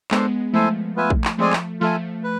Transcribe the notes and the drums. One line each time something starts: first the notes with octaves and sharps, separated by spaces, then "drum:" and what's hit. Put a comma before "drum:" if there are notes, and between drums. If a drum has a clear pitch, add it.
G#3 B3 D4 A4 C5, drum: clap
F3 A3 E4 A4 C5 E5 G#5
B3 F4 B4 E5 G#5
drum: kick
drum: clap
F3 G#3 A3 C4 G#4 D5 G#5
drum: clap
F3 A3 F4 A4 E5 G#5
B4